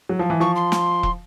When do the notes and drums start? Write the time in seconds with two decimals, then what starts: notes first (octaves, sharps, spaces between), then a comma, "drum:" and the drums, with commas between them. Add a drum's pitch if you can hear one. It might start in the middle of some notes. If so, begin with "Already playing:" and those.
0.09 F#3
0.19 F3
0.30 E3
0.40 F3 C#6
0.56 C6
0.72 drum: snare
1.03 drum: kick E1